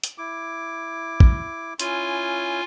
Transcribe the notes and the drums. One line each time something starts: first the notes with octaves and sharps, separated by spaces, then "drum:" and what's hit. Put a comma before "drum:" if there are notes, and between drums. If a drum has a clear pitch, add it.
drum: hi-hat
E4 D6
drum: kick
C#4 E4 F4 G#5, drum: hi-hat